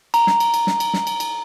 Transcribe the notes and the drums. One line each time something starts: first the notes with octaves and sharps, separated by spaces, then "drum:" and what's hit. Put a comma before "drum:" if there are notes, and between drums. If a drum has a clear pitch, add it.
A#5, drum: cymbal
drum: snare
drum: cymbal
drum: cymbal
drum: snare
drum: cymbal
drum: snare
drum: cymbal
drum: cymbal